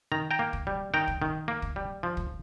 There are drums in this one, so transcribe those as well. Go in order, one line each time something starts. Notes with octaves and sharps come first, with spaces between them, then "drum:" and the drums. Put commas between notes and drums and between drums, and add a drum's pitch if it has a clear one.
D#3 A#5
G5 A#5
A#3
drum: kick
G3
D#3 G5 A#5
drum: kick
D#3
A#3
drum: kick
G3
F3
drum: kick